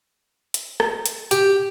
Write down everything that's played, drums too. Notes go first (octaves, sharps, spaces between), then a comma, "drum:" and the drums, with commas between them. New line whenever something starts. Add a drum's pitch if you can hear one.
drum: hi-hat
drum: rim click
drum: hi-hat
G4, drum: hi-hat